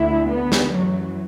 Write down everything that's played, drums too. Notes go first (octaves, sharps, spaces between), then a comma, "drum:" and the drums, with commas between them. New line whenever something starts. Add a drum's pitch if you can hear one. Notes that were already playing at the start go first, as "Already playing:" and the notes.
Already playing: D2 D3 E4
B3
drum: snare
F#2 E3 F#3